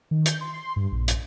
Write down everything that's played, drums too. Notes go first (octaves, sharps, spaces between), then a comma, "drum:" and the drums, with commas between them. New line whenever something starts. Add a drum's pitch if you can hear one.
D#3
G6, drum: hi-hat
C6
G2
A#1
drum: hi-hat